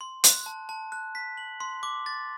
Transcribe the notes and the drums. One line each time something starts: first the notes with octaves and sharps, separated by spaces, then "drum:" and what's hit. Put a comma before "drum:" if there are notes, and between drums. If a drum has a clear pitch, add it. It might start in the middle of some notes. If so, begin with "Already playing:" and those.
C6
F#6, drum: hi-hat
A5
A5
F#6
B6
F#7
C6
D6
A6